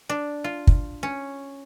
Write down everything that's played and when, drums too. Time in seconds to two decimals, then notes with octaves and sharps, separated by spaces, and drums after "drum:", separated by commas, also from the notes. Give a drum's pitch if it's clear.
0.09 D4
0.44 F4
0.67 drum: kick
1.03 C#4